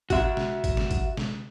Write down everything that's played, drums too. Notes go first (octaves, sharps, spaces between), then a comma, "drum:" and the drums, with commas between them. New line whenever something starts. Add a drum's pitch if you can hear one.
F#4 E5, drum: kick G#1, hi-hat
drum: snare
drum: kick G#1, hi-hat
drum: snare
drum: kick G#1, hi-hat
drum: snare